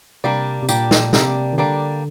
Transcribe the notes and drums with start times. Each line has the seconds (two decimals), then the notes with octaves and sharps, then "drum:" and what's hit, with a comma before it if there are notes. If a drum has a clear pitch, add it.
0.24 C3 G3 A#3 D4 G4 D5
0.62 C3
0.69 A#2 G3 A#3 D4 G4 D5, drum: tambourine
0.91 drum: snare
1.13 C3 G3 A#3 D4 G4 D5, drum: snare
1.53 D#3
1.58 D3 G3 A#3 D4 G4 D5